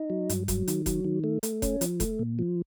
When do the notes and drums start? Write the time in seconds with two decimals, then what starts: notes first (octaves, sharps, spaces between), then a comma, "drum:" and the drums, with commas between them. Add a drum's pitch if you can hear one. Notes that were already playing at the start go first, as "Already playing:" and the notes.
Already playing: D#4
0.10 F#3
0.29 G2, drum: hi-hat
0.48 F#3, drum: kick F1, hi-hat
0.68 D#3, drum: hi-hat
0.86 F#3, drum: kick F1, hi-hat
1.04 D#3
1.24 A3
1.43 A3, drum: hi-hat
1.62 C#4, drum: kick F1, hi-hat
1.81 F3, drum: hi-hat
2.00 A3, drum: kick F1, hi-hat
2.19 A#2
2.39 F3